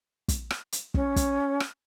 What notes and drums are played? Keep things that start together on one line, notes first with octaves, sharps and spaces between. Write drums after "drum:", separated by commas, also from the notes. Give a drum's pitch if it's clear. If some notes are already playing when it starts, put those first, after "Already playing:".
drum: kick, hi-hat
drum: rim click
drum: hi-hat
C#4, drum: kick
drum: kick, hi-hat
drum: rim click